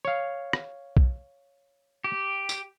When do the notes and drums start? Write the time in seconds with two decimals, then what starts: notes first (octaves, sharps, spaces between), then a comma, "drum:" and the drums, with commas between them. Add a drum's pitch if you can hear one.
0.05 C#5 F5
0.53 drum: rim click
0.97 drum: kick B1
2.04 G4
2.49 drum: tambourine